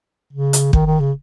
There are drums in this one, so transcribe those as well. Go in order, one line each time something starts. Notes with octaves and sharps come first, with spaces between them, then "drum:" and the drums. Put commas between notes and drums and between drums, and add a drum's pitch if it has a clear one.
C#3
drum: hi-hat
D#3, drum: kick
D#3
C#3